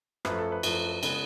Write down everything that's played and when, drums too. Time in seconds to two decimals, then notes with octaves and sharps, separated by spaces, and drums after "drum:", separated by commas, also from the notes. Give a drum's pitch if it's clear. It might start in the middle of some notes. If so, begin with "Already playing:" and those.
0.25 F#2 F3 A3 B4, drum: rim click
0.39 A4
0.52 B4
0.63 F#2 F3 A3, drum: cymbal
1.03 C#3 G#3 B3, drum: cymbal